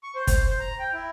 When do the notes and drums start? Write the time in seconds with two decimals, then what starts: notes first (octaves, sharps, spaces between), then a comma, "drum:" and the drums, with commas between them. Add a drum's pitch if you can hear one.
0.03 C#6
0.15 C5
0.27 C5, drum: kick, hi-hat
0.45 C5
0.59 A#5
0.79 G5
0.93 E4